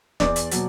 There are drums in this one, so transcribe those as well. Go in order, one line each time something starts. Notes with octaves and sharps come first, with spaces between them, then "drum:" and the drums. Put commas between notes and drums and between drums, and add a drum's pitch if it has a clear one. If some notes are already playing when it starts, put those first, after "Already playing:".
E2 D5 D6, drum: snare
drum: hi-hat
B2 F#3, drum: hi-hat